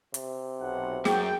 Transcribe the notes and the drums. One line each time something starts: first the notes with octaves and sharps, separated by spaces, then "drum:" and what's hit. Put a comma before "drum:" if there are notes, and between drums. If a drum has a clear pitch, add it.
C3, drum: hi-hat
B1 F#5
F#2 G#4 G5, drum: snare